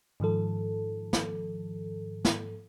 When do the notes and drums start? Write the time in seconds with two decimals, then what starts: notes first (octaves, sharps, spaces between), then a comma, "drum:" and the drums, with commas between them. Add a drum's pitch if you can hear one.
0.20 G#2 D#3 F3 A4
1.13 drum: snare
2.25 drum: snare